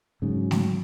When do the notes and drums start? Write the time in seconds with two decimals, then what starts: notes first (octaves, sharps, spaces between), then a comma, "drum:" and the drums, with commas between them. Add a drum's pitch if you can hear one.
0.22 G#2 C#3 F#3
0.51 drum: snare A3